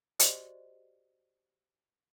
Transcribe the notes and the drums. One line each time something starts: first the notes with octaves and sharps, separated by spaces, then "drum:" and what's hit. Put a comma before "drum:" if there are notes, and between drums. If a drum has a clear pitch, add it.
F#4 G4 C5 D5 D#5, drum: hi-hat